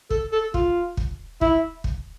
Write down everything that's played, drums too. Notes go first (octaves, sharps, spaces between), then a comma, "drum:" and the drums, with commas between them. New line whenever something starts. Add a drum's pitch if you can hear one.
A4, drum: kick
A4
F4, drum: kick
drum: kick
E4, drum: kick
drum: kick